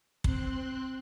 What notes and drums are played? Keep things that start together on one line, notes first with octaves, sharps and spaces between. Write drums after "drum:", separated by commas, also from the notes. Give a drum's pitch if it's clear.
C4 C6 F#6, drum: kick